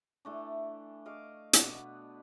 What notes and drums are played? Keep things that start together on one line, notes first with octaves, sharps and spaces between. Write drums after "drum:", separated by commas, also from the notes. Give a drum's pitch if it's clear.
E3 A3 D4
D#5 F5 C#6 D6
B2 B3 D4 F#4, drum: hi-hat